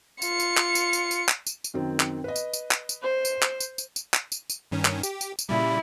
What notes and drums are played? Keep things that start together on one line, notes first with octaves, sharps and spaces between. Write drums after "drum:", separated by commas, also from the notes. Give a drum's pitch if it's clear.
F4 C#7, drum: tambourine
drum: tambourine
drum: clap
drum: tambourine
drum: tambourine
drum: tambourine
drum: clap
drum: tambourine
drum: tambourine
F#2 D#3 C4
drum: clap
B4 D#5
drum: tambourine
drum: tambourine
drum: clap
drum: tambourine
C5
drum: tambourine
drum: clap
drum: tambourine
drum: tambourine
drum: tambourine
drum: clap
drum: tambourine
drum: tambourine
G2 D#3 C#4
drum: clap
G4, drum: tambourine
drum: tambourine
drum: tambourine
A#2 C#3 G3 E4